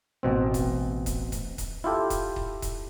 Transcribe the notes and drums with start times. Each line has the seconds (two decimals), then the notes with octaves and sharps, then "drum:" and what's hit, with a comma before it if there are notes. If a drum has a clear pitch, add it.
0.23 A1 B2 C4
0.54 drum: kick D#1, hi-hat
1.06 drum: kick D#1, hi-hat
1.32 drum: kick D#1, hi-hat
1.58 drum: kick D#1, hi-hat
1.84 E4 F4 G4 A4
2.10 drum: kick D#1, hi-hat
2.36 drum: kick D#1
2.62 drum: kick D#1, hi-hat